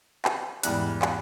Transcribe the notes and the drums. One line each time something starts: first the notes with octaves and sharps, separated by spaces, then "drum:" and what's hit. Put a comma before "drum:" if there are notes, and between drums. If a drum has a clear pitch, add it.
drum: clap
E2 G#2 G3 F#6, drum: hi-hat
drum: clap